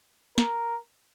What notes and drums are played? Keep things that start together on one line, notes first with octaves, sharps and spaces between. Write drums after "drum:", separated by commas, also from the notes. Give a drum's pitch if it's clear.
A#4, drum: snare